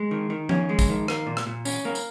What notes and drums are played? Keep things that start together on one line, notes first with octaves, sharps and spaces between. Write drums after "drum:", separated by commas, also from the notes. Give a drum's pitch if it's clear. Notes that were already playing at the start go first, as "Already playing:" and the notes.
Already playing: G#3
D#3
D#3
C#4, drum: tom F3
G#3
drum: kick, tambourine
D#3
A#3, drum: rim click
A#2
drum: rim click
A#2
C#4, drum: tambourine
A#3
drum: tambourine